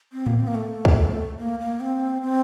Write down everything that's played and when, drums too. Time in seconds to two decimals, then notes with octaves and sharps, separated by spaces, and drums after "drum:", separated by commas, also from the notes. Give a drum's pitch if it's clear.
0.13 C4
0.26 A#3, drum: tom A2
0.40 C4
0.47 A#3
0.55 A3
0.85 drum: kick
1.39 A#3
1.60 A#3
1.80 C4
2.22 C4